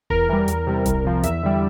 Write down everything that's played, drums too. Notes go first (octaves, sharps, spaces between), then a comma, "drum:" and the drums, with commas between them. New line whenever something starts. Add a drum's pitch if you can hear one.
E2 A#4, drum: kick D#1
E3 G3
E2, drum: hi-hat
C3 G3
C2, drum: kick D#1, hi-hat
C3 F3
E2 E5, drum: hi-hat
D3 G3